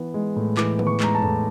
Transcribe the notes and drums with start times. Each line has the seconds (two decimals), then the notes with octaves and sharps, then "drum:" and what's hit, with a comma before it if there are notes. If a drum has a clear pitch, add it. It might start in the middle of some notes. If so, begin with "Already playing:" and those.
Already playing: E3 B3
0.14 G#3
0.36 A2
0.57 E3 D6, drum: clap
0.79 B3, drum: tom D3
0.87 C#6
1.00 G#3 A#5, drum: clap
1.15 A5
1.22 A2, drum: tom E2